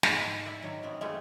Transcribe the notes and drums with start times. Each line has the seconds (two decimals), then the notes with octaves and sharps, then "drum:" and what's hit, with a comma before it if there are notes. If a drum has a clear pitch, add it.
0.03 G#2, drum: snare
0.46 D5 E5 B5
0.62 D#3 F#3
0.83 F#2 B3 C4
1.01 G#3 A3 B3 F4 G4 A4